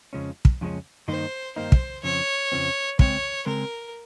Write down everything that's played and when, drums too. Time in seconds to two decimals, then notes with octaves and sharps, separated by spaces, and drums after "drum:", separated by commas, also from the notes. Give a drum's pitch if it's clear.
0.13 F2 C#3 F3 G#3 C#4
0.45 drum: kick
0.61 F2 C#3 F3 G#3 C#4
1.08 G2 D#3 A#3 D#4 C5
1.56 G2 D#3 A#3 D#4 C5
1.72 drum: kick
2.03 F2 C#3 F3 C4 C#5
2.52 F2 C#3 F3 C4
2.99 C#3 G#3 C4 C#5, drum: kick
3.46 C#3 G#3 C4 A#4